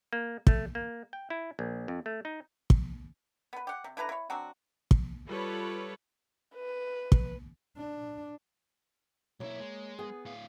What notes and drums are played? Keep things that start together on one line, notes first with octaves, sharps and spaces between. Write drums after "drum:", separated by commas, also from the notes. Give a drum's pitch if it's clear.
A#3
A3, drum: kick
A#3
G5
E4
A#1
F2
A3
D#4
drum: kick
B3 B4
G4 F#5
C3
D3 E4 B4 A#5
E4 C#5
F#3 C4 D4 F#4
drum: kick
G3 F4 A4 B4 C#5 B5
B4
drum: kick
D4
B1 A#3 E4 C#5
G#3
B3 G#4
A2 F5